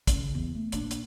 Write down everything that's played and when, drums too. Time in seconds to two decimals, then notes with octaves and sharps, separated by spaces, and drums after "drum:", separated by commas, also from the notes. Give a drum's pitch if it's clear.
0.07 D3 C#4, drum: kick, hi-hat
0.20 C#3
0.34 E2
0.55 A3
0.72 A#1 D4, drum: hi-hat
0.91 drum: hi-hat